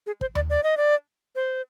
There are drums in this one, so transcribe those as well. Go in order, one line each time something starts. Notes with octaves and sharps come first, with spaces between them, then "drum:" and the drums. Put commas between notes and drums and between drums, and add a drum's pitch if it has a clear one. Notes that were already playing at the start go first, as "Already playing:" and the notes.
G#4
C5, drum: kick
D5, drum: tom D#2
D5
D#5
D5
C5